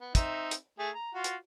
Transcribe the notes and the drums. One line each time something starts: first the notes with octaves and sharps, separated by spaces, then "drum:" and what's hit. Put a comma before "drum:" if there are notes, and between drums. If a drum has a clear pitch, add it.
B3
C4 D#4 E5, drum: kick, hi-hat
drum: hi-hat
A3 G#4
A#5
F4 F#4
drum: hi-hat